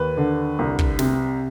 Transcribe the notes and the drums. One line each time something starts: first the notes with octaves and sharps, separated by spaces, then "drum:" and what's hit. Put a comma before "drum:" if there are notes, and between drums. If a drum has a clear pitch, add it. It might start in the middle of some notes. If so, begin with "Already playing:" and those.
Already playing: D#2 B4
D3
C2
drum: kick
C3, drum: snare